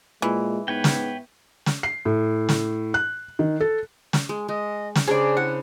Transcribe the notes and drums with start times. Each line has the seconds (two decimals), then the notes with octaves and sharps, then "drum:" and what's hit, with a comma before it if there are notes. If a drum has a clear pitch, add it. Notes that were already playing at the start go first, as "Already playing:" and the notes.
0.22 A#2 E3 G#3
0.68 G#2 B3 B4 C#5 G5
0.84 drum: snare
1.66 drum: snare
1.83 C7
2.05 A2
2.49 drum: snare
2.94 F#6
3.39 D#3
3.60 A4
4.13 drum: snare
4.29 G#3
4.48 G#3 D#5
4.95 drum: snare
5.08 C#3 D4 G#4 C5 D5
5.37 E4 F#5